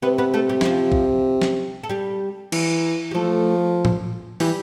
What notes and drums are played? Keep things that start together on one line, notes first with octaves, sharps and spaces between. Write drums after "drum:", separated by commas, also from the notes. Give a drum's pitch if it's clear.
C3 B3 B4
B3 B4
A3 A4
G3 G4
E4, drum: snare
F3 F4
drum: kick
drum: snare
A4
G3 G4
E3, drum: cymbal
G4
F3 A3 A4
drum: tom A2
E3 G3 G4, drum: open hi-hat